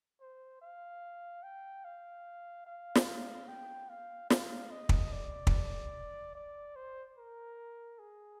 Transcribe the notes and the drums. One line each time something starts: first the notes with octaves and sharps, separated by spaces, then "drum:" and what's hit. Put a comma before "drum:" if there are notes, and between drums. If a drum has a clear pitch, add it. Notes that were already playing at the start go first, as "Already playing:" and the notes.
C5
F5
G5
F5
F5
drum: snare
G5
F5
F5, drum: snare
D#5
drum: kick
D5
drum: kick
D5
C5
A#4
G#4